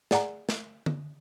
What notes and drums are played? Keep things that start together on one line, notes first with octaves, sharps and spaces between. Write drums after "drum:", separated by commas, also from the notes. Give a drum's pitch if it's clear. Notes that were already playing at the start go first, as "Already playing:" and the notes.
G#4 D5 F#5 G#5 A#5, drum: snare
drum: snare
drum: tom D3